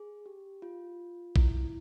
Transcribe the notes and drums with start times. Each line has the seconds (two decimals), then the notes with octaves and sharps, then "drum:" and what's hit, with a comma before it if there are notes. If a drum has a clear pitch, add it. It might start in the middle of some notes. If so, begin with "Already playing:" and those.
Already playing: G#4
0.26 G4
0.62 F4
1.36 E4, drum: kick